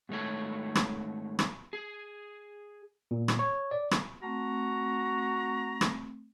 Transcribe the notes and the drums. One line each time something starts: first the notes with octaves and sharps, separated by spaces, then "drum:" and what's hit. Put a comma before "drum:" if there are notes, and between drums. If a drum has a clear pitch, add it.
G#2 D#3 A3 C#5
drum: rim click
drum: rim click
G#4
A#2
drum: rim click
C#5
D5
drum: rim click
A3 C4 F#4 A#5
drum: rim click